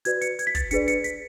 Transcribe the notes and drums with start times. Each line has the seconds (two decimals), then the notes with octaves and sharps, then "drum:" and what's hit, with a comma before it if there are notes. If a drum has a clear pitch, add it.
0.05 F#4 B4 D5 G#6, drum: hi-hat
0.21 C#7, drum: hi-hat
0.39 G#6, drum: hi-hat
0.47 B6
0.55 A6, drum: kick, hi-hat
0.71 D4 G#4 B4 D5 C#7, drum: hi-hat
0.88 C#7, drum: hi-hat
1.04 B6, drum: hi-hat